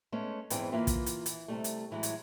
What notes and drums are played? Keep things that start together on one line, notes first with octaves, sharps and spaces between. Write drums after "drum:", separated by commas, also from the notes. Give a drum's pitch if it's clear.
G#3 A3 B3 C#4
E2 G#2 E3 C4 G#4 G5, drum: hi-hat
E3 A#3 F4 B4 E5
drum: kick, hi-hat
drum: hi-hat
E3, drum: hi-hat
C3 G3 A3
drum: hi-hat
A2 E3 F#3 G#3
drum: hi-hat